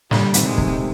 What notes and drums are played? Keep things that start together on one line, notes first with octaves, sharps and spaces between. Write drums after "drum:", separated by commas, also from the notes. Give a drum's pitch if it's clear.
A#2 D3 G3, drum: snare
C3 D#3, drum: hi-hat
G#3
C3 D#3, drum: kick